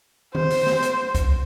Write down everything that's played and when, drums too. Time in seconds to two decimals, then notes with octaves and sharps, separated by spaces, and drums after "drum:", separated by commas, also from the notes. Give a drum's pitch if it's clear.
0.35 C5, drum: tom D#3
0.51 drum: open hi-hat
0.67 drum: snare
0.83 drum: hi-hat
1.15 drum: kick C2, hi-hat